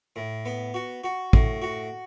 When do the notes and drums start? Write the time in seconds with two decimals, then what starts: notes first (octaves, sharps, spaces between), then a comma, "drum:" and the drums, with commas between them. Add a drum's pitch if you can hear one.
0.16 A2
0.45 B3
0.74 F#4
1.04 F#4
1.33 A2, drum: kick
1.62 F#4